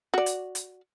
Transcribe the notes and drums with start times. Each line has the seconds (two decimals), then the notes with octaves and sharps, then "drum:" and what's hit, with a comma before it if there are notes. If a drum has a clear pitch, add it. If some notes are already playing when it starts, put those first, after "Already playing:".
0.14 F#4 D5
0.26 drum: hi-hat
0.55 drum: hi-hat